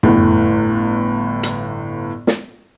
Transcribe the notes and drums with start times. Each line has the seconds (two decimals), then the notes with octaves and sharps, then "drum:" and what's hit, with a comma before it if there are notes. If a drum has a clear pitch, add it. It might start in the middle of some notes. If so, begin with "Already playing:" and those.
0.03 G1 A2, drum: tom
1.43 drum: hi-hat
2.27 drum: snare